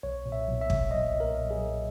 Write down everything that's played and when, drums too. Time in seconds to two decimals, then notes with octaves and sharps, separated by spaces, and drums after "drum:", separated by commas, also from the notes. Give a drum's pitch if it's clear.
0.03 B1 C#5
0.26 A#2
0.32 E5
0.47 B1
0.61 E5
0.70 F#3, drum: kick
0.91 B1 D#5
1.14 A#2
1.20 A#4
1.36 B1
1.51 G#4
1.57 F#3